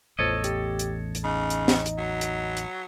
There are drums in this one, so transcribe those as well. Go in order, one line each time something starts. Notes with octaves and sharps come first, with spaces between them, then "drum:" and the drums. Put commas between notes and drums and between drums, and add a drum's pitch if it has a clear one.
A1 E2 F3 A4 C#5 D#5
G4, drum: hi-hat
drum: hi-hat
drum: hi-hat
C#3 D#4
drum: hi-hat
drum: snare
drum: hi-hat
F#3
drum: hi-hat
drum: hi-hat